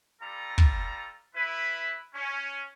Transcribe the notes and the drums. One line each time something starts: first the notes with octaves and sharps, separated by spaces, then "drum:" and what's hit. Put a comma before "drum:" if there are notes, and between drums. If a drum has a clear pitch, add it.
G3 F4 A4 A#5
drum: kick
E4 B4
C#4